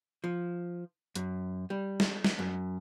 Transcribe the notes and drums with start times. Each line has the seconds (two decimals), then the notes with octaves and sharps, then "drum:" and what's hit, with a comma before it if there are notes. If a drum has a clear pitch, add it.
0.24 F3
1.15 F#2, drum: hi-hat
1.70 G3
2.00 drum: snare
2.24 drum: snare
2.39 F#2